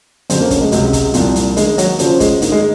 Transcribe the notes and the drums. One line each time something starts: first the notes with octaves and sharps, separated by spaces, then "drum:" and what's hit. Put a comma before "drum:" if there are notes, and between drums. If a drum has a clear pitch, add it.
F2 C#3 F#3 C4, drum: hi-hat
A#3
C#4, drum: kick, hi-hat
G#3
C#2 C3 F#3 G#3, drum: hi-hat
drum: kick, hi-hat
C2 A#2 F3 C4 F4, drum: hi-hat
drum: hi-hat
D#3 G#3 A#3 D#4, drum: hi-hat
F#3, drum: hi-hat
C#3 F3 F#3 C#4 F4 C5, drum: hi-hat
G#3, drum: kick, hi-hat
G#2 D#3 A#3 D#4, drum: hi-hat
G#3